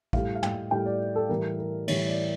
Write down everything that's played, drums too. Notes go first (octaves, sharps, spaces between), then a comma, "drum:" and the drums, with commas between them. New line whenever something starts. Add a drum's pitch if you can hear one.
A2 G3 F5, drum: kick
F5
G5, drum: tom
A2 G3 G5
D5
A4
A2 E3 G3 A#4
A#4
A2 E3 G3 C#5, drum: cymbal
D5